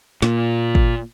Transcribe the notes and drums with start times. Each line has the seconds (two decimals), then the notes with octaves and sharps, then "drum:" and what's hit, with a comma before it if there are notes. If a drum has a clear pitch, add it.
0.22 A#2, drum: snare
0.75 drum: kick